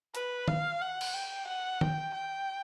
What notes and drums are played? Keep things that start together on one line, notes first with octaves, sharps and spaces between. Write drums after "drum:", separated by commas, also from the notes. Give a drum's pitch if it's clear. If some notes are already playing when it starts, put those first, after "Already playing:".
B4, drum: hi-hat
F5, drum: tom D#3
F#5
drum: cymbal
G5
F#5
G5, drum: tom D#3
G5